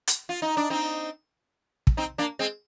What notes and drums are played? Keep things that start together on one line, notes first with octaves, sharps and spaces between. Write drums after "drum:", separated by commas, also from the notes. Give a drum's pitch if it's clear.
drum: hi-hat
F4
D#4
D4
C4 D#4
drum: kick
C4 D#4
A#3 D4
G#3 C4